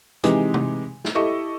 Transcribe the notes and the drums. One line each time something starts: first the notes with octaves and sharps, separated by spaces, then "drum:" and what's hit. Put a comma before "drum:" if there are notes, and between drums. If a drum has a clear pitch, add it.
C3 E3 G#3 D#4 G4, drum: hi-hat
drum: tom
drum: snare
E4 G4 A4 D#5 C#6